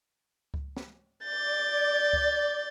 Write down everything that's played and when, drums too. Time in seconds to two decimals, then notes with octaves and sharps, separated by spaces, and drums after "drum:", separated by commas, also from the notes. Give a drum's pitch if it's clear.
0.54 drum: kick C#2
0.77 drum: snare
1.22 D5 G6 A6
2.13 drum: kick C#2